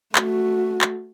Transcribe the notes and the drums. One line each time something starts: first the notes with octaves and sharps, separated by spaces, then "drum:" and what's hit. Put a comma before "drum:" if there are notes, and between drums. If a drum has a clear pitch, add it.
A3 F#4, drum: clap
drum: clap